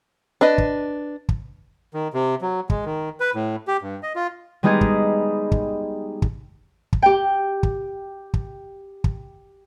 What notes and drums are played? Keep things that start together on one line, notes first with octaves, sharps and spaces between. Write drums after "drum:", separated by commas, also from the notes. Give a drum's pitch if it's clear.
D4 B4 D#5
drum: kick
drum: kick
D#3
C3
F#3
G#3, drum: kick
D#3
B4
A2
G4
G2
D#5
F4
G3 G#3 B3 D#4 G4 G#4
drum: kick
drum: kick
drum: kick
drum: kick
G4 G5
drum: kick
drum: kick
drum: kick